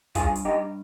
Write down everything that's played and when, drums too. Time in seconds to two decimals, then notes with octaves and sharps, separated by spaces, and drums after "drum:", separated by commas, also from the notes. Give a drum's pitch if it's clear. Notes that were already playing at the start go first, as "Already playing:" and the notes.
0.15 G2 F4 G#4, drum: kick, hi-hat
0.35 drum: hi-hat
0.45 G2 D#4 G4